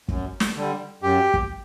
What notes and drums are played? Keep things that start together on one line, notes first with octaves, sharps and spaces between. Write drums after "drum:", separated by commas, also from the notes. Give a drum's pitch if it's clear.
F#2, drum: kick
drum: snare
D3 G3
F#2 G4
drum: kick